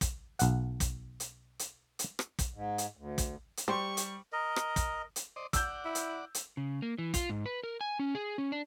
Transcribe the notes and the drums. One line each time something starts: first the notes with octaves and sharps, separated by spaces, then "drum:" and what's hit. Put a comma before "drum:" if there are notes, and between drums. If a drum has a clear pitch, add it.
drum: kick, hi-hat
B1 F#5, drum: hi-hat
drum: kick, hi-hat
drum: hi-hat
drum: hi-hat
drum: hi-hat
drum: rim click
drum: kick, hi-hat
G#2
drum: hi-hat
D2
drum: kick, hi-hat
drum: hi-hat
G3 G4 C5 C#6
drum: hi-hat
A#4 D#5
drum: rim click
drum: kick, hi-hat
drum: hi-hat
C5 D5 D#5
D5 F#5 E6 G6, drum: kick, hi-hat
E4
drum: hi-hat
drum: hi-hat
C#3
A#3
E3
F4, drum: kick, hi-hat
G#2
B4
A#4
G#5
C#4
G#4
C#4
D4